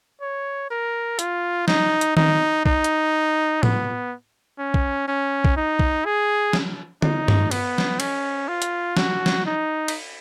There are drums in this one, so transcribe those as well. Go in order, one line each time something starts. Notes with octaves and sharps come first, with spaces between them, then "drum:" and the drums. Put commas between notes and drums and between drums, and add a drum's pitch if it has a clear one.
C#5
A#4
F4, drum: hi-hat
D#4, drum: snare
drum: hi-hat
D#4, drum: tom D#3
D#4, drum: kick
drum: hi-hat
B3, drum: tom
C#4
drum: kick
C#4
drum: kick
D#4
drum: kick
G#4
drum: snare
D#4, drum: tom
drum: tom G2
B3, drum: cymbal
drum: snare
C#4, drum: cymbal
F4
drum: hi-hat
F#4, drum: snare
drum: snare
D#4
drum: cymbal